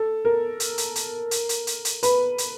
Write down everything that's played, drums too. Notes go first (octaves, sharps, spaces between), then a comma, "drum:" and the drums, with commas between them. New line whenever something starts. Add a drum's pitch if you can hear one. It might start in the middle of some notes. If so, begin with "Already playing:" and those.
Already playing: A4
A#4
drum: hi-hat
drum: hi-hat
drum: hi-hat
drum: hi-hat
drum: hi-hat
drum: hi-hat
drum: hi-hat
B4, drum: hi-hat
drum: hi-hat